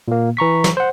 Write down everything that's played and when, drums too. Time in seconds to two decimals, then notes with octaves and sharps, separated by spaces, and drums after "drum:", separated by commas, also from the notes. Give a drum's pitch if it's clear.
0.08 A#2 A#3
0.37 E3 A#5 C#6 B6
0.64 drum: snare
0.77 C5 F#5